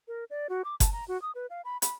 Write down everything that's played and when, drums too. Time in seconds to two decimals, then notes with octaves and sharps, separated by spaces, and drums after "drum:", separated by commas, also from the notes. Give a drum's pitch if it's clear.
0.08 A#4
0.30 D5
0.49 F#4
0.65 D6
0.80 A5, drum: kick F#1, hi-hat
0.93 A#5
1.08 F#4
1.22 D#6
1.35 B4
1.50 F5
1.65 B5
1.82 B5, drum: hi-hat